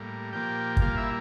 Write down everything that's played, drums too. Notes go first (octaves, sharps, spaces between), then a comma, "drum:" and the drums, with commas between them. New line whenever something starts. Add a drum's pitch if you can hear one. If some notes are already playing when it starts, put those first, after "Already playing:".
Already playing: A2 G3 A#3
A#2 F3 A#3 G4 G5
G5, drum: kick
A#2 G3 A#3 F4 F5
E4 E5